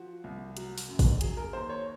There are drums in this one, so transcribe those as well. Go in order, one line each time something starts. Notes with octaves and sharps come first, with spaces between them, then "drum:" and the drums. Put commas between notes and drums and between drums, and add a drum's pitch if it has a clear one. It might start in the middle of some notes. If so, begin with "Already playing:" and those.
Already playing: F3 F#4
C2
F#3, drum: hi-hat
drum: open hi-hat
F#2
drum: kick, open hi-hat
F#3 G#4, drum: hi-hat
A#4
D#2 C5
C#5